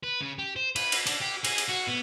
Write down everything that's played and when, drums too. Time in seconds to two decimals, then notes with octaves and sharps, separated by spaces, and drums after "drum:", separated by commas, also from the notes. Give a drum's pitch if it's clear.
0.03 B4
0.21 C#3
0.38 G4
0.56 C5
0.76 B4, drum: cymbal
0.92 drum: cymbal
1.07 D4, drum: cymbal
1.21 G4
1.45 G#4, drum: cymbal
1.58 drum: cymbal
1.69 F#4
1.87 B3